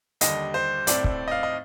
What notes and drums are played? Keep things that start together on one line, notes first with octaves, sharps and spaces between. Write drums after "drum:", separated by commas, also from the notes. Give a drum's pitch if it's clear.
D#2 D3 G3 D#5, drum: hi-hat
C5
A2 A3 C4 D5, drum: hi-hat
drum: kick
D#5
F5
D#5